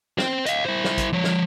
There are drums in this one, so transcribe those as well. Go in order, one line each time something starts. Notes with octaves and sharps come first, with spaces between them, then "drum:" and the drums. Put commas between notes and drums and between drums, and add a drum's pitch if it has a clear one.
C5 G5, drum: snare
D#5 F5, drum: hi-hat
E4 C5
drum: snare
drum: kick, hi-hat
F3 C#5
drum: snare